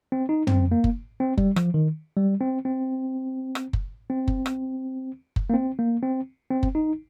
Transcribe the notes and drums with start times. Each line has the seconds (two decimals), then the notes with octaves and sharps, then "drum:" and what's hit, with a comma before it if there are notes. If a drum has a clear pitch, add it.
0.12 C4
0.29 D#4
0.47 C4, drum: tom
0.72 A#3
0.84 drum: kick F#1
1.20 C4
1.38 G3, drum: kick F#1
1.56 F3, drum: rim click
1.74 D#3
2.17 G3
2.41 C4
2.65 C4
3.55 drum: rim click
3.73 drum: kick F#1
4.10 C4
4.28 drum: kick F#1
4.46 drum: rim click
5.36 drum: kick F#1
5.50 A#3
5.54 C4
5.79 A#3
6.03 C4
6.51 C4
6.63 drum: kick F#1
6.75 D#4